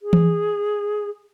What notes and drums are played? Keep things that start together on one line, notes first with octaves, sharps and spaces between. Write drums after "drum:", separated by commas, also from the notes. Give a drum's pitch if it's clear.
G#4
drum: tom E3